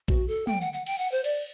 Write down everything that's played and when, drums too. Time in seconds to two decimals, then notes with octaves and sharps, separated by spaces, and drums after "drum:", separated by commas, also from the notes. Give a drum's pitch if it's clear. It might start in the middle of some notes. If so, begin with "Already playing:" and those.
0.08 F#4, drum: kick A#1
0.28 A4
0.47 G5, drum: tom
0.61 F#5
0.73 F#5
0.86 G5, drum: cymbal
0.98 F#5
1.12 C5
1.24 D5, drum: cymbal